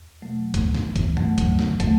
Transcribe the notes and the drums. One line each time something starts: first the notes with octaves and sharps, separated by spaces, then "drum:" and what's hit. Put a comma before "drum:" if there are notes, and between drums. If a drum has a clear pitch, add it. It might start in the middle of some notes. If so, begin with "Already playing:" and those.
Already playing: E2
B2 F#3 A3
A2, drum: kick, hi-hat
drum: snare
E3
drum: kick, hi-hat
G2 F#3 A3, drum: tom
drum: kick, hi-hat
D3
drum: snare
F#3 A3, drum: kick, hi-hat